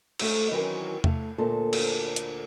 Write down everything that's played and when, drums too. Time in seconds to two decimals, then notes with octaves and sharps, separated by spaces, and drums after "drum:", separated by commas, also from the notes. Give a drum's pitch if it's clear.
0.19 G#2 A3, drum: cymbal
0.51 D#3 E3 F#3 C4 C#4 A#4
1.04 A3 F5, drum: tom
1.38 D2 A#2 A#3 A4 C5 A5
1.73 drum: cymbal
2.16 drum: hi-hat